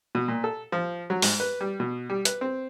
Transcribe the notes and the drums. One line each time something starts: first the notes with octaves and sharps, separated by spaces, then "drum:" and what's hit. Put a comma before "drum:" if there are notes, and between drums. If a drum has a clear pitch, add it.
B2
A#2
A4
F3
F#3
G#2, drum: open hi-hat
B4
G3
B2
G3
B4, drum: hi-hat
C4